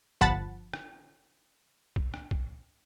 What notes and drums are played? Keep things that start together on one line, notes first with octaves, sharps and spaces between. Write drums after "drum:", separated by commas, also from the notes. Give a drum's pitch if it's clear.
G1 F3 F#5 A5 B5 A6, drum: kick
drum: rim click
drum: kick
drum: rim click
drum: kick